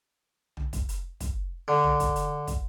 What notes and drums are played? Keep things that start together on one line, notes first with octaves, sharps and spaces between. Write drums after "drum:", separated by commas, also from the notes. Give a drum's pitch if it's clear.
drum: tom
drum: kick, hi-hat
drum: hi-hat
drum: kick, hi-hat
D3
drum: tom
drum: kick, hi-hat
drum: hi-hat
drum: kick, hi-hat